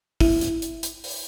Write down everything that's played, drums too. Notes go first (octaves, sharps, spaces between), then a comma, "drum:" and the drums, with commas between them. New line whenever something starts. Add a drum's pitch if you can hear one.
E4, drum: kick, open hi-hat
drum: hi-hat
drum: hi-hat
drum: hi-hat
drum: open hi-hat